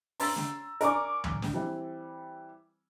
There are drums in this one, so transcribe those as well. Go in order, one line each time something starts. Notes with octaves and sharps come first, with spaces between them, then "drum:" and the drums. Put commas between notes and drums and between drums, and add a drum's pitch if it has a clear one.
A#5 C6 E6 A6, drum: open hi-hat
drum: snare
A#4 D5 G#5 A#5 C#6 D6, drum: hi-hat
drum: tom
drum: snare
E3 G3 C4